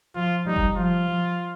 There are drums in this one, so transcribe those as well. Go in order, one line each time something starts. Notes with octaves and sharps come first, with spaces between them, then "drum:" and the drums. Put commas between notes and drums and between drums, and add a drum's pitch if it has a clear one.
F3 F4
G3 D#4
drum: kick F#1
F3 F4
F3